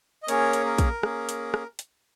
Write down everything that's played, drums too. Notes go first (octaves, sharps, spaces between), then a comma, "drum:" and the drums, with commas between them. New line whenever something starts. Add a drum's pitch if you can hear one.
D#5
A#3 C#4 G#4 A#4 C#5, drum: hi-hat
drum: hi-hat
A#4
drum: kick, hi-hat
A#3 C#4 G#4, drum: rim click
drum: hi-hat
drum: rim click
drum: hi-hat